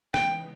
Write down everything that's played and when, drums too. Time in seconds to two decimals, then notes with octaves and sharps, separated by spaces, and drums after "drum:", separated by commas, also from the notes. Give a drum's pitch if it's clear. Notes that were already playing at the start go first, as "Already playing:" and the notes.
0.14 C#3 E3 G#3 B3 D#4 G5, drum: rim click